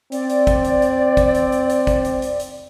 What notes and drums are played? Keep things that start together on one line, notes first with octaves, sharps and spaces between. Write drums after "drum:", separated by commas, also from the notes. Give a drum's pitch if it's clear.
C4 D5, drum: hi-hat
drum: hi-hat
drum: kick, hi-hat
drum: hi-hat
drum: hi-hat
drum: kick, hi-hat
drum: hi-hat
drum: hi-hat
drum: hi-hat
drum: kick, hi-hat
drum: hi-hat
drum: hi-hat
drum: hi-hat